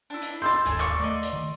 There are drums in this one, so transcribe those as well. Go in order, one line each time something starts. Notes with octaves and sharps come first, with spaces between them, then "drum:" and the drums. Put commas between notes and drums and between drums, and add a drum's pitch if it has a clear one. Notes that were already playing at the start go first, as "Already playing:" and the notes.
D4 E4
drum: hi-hat
C6 E6 G6 A6
E1 D#2 G#2 A4 G#5, drum: hi-hat
A#3 D5 C#6, drum: clap
A3 D5 D#5
drum: hi-hat
D#3